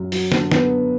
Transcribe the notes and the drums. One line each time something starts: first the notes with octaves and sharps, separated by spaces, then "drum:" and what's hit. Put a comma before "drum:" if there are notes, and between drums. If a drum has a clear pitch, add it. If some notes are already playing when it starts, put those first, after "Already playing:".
Already playing: F#2
F#3, drum: open hi-hat
D3, drum: snare
B3, drum: snare